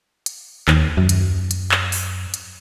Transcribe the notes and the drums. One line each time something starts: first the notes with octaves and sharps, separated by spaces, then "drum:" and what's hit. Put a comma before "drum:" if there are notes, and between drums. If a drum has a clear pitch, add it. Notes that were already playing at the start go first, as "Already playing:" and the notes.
drum: hi-hat
D#2, drum: clap
F#2
drum: hi-hat
drum: hi-hat
drum: clap
drum: open hi-hat
drum: hi-hat